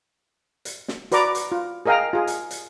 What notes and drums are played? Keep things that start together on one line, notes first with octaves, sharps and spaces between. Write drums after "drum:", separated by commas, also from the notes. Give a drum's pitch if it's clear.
drum: hi-hat
drum: snare
F#4 B4 D5 A#5 D6, drum: hi-hat
drum: hi-hat
F4
G#4 A#4 D#5 F5 G5 A#5
F4 G#4
drum: hi-hat
drum: hi-hat